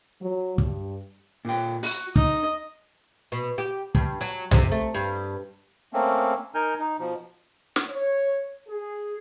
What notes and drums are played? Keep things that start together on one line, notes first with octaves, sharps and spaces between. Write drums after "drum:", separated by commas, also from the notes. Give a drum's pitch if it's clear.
F#3
G2, drum: kick
A#2 G5
F#4, drum: open hi-hat
D#4 D#5, drum: kick
B2
G4
G2, drum: kick
F#3
C3, drum: tom B1
A3
G2
A3 A#3 C4 C#4
D#4 A#4 G#5 F6 G6
D#4
B2 F3
drum: snare
C#5
G#4